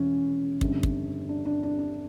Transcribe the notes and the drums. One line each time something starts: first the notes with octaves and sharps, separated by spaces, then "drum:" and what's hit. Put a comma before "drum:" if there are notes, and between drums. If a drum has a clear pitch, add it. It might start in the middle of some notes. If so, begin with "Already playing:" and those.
Already playing: E1 E2 E3 C#4
G1 F2 C#3, drum: kick
drum: kick
D4
D4
D4
D4